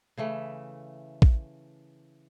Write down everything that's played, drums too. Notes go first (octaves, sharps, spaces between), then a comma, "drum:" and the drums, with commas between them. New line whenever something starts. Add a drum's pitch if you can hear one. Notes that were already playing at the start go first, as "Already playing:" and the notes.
C#3 E3 A3
drum: kick A#1